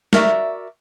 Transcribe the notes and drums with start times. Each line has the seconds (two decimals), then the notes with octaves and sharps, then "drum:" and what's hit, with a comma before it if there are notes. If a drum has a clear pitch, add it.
0.13 F#4 A#4 D5 E5, drum: snare